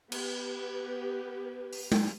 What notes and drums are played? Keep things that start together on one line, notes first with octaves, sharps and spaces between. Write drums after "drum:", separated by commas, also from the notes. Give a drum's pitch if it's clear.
B3 G4 B4, drum: cymbal
drum: open hi-hat
drum: tom G#3